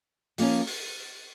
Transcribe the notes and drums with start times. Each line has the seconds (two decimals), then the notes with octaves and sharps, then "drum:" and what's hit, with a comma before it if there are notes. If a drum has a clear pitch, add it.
0.38 F3 A#3 C#4, drum: open hi-hat
0.67 drum: open hi-hat